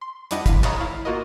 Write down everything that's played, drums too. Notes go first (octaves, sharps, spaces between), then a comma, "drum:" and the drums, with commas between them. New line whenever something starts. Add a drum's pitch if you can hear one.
C6
F2 G3 D4 E4 D#5 F#5, drum: hi-hat
C3 F5 B5, drum: kick, hi-hat
C#5 D#5 F5 A#5 B5 D#6, drum: clap
G#1 E4 F5
A#3 F4 F#4 A#4 D#5